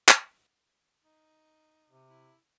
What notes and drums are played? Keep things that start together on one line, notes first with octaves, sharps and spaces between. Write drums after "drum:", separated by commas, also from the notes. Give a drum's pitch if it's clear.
drum: clap
D#4
C3
E4